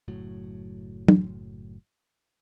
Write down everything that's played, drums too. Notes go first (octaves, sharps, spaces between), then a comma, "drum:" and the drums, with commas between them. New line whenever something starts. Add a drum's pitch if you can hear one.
F#1 A2 F#3
drum: tom